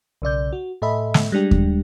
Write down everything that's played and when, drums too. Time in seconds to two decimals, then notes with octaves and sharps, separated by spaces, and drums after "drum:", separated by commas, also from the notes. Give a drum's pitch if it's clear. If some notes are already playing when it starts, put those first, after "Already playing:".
0.22 B1 C#3 D5 G6
0.53 F#4
0.82 A2 A4 D#5 E5 B5
1.14 drum: snare
1.32 G3 G#3 D4 G4
1.51 drum: kick D#2